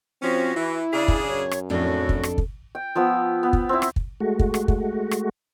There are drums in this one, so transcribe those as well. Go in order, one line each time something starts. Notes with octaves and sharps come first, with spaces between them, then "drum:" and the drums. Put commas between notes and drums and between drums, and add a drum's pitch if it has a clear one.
F3 C4 C#4 F#4
E3 E4
C#3 D4 G#4 D5
drum: kick
F#2 C#5
drum: rim click
F2 A2 D4 F#4 A4
drum: kick
drum: rim click
drum: kick
G5
F3 B3 E6
B3
drum: kick
C4 E4
drum: rim click
drum: kick
G#3 A3 F#4
drum: kick
drum: rim click
drum: kick
drum: rim click